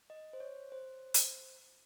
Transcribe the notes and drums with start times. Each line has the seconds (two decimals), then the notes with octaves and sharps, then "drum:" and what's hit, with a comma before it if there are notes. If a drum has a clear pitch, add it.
0.10 D#5
0.33 C5
0.40 C#5
0.72 C5
1.14 drum: hi-hat